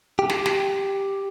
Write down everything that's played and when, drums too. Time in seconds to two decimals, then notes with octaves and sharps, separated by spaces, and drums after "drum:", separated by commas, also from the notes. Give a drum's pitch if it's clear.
0.19 G4
0.30 drum: snare
0.46 drum: snare